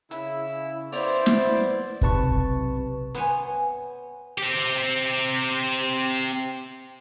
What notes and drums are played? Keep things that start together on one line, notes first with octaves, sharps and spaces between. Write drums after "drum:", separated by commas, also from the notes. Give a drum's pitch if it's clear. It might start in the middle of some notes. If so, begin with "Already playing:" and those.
C#3 E4 E6, drum: hi-hat
B3 E4 C5 D5 D6, drum: open hi-hat
drum: snare
B1 C3 B4 A5 C#6, drum: kick
B3 C5 C#5 G#5, drum: hi-hat
C4 G4